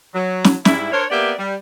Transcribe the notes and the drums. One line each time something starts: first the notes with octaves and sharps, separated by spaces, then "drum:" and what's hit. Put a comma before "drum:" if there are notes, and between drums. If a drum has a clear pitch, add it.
F#3
drum: snare
G#2 G3 E4, drum: snare
D4 A#4 C5 C#5
A#3 B3 G4 D5 E5
G3